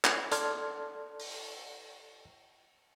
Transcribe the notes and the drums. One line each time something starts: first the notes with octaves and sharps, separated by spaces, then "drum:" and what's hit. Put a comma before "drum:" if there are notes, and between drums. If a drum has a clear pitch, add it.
drum: clap
A4 D5 A5 C6 F6 G#6, drum: hi-hat
drum: open hi-hat